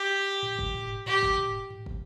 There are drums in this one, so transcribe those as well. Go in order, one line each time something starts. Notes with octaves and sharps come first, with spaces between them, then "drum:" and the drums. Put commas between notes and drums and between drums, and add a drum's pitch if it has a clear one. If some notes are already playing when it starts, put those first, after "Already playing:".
Already playing: G4
drum: tom G#2
drum: kick
drum: tom G#2
G4, drum: tom G#2
drum: kick
drum: tom G#2
drum: tom G#2
drum: kick